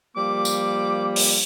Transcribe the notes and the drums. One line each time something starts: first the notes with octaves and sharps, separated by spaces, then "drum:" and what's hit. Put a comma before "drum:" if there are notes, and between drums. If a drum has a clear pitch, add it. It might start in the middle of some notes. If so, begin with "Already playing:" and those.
F3 G3 A#3 D6
drum: tambourine
drum: open hi-hat